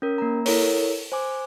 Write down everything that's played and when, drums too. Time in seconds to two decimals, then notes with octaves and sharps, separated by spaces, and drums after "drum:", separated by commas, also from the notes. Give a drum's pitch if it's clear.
0.02 C#4 A#4
0.18 A#3 A#5
0.46 E4 A4 A#4 C#5, drum: open hi-hat
1.12 C5 G#5 D6